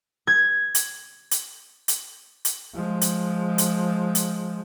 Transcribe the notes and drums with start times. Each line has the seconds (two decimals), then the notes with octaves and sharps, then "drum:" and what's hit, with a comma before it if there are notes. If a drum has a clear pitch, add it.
0.27 G#6
0.75 drum: hi-hat
1.31 drum: hi-hat
1.88 drum: hi-hat
2.45 drum: hi-hat
2.73 F3 G#3
3.01 drum: hi-hat
3.58 drum: hi-hat
4.15 drum: hi-hat